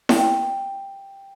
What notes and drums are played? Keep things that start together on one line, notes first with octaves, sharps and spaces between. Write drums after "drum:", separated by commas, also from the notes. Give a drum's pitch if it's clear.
G5, drum: snare E4